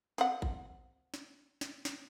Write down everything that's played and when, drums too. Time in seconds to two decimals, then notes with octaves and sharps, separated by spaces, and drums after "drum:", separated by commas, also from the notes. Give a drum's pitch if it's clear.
0.18 C4 F#5, drum: snare
0.42 drum: kick G#1
1.14 drum: snare
1.61 drum: snare
1.85 drum: snare